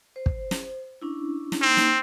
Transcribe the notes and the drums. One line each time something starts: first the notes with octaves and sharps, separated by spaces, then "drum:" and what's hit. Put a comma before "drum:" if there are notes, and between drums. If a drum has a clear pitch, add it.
C5
drum: kick
drum: snare
C#4 D4 E4
drum: snare
A#3 C4 D#4
drum: snare